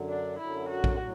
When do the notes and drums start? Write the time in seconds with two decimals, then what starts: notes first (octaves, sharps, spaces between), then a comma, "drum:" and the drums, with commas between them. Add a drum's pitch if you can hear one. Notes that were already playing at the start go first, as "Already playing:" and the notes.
Already playing: F#2 D3 F#3
0.09 D4
0.39 F#2 D3 F#3 E4
0.69 F#4
0.84 drum: kick A#1
0.99 A2 F#3